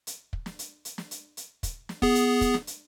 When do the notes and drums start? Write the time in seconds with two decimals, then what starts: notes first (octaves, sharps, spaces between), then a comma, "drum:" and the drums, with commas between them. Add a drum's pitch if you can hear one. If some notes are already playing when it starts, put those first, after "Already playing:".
0.07 drum: hi-hat
0.33 drum: kick
0.46 drum: snare
0.59 drum: hi-hat
0.85 drum: hi-hat
0.98 drum: snare
1.11 drum: hi-hat
1.37 drum: hi-hat
1.63 drum: kick, hi-hat
1.89 drum: snare
2.02 B3 G#4, drum: kick
2.15 drum: hi-hat
2.41 drum: kick, hi-hat
2.54 drum: snare
2.67 drum: hi-hat